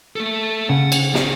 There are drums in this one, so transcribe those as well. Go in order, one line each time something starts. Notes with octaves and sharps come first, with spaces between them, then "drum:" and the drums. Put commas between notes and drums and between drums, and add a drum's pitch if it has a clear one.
A3 A4
C#3 F#5
drum: cymbal
C4 G#4, drum: snare